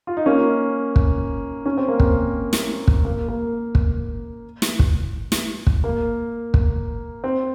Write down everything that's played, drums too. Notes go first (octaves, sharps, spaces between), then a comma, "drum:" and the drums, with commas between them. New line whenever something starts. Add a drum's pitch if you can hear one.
F4
D#4
A#3 C#4
drum: kick
C#4
C4
A#3
C4, drum: kick
drum: snare
drum: kick
A#3
A#3
drum: kick
drum: snare
drum: kick
drum: snare
drum: kick
A#3
drum: kick
C4